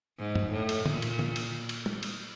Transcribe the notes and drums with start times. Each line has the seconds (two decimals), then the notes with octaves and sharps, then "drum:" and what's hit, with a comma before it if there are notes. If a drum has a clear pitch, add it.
0.19 G#2
0.35 drum: tom G2
0.52 A2
0.69 drum: cymbal
0.86 A#2, drum: tom
1.02 drum: cymbal
1.19 drum: tom
1.36 drum: cymbal
1.69 drum: cymbal
1.86 drum: tom
2.03 drum: cymbal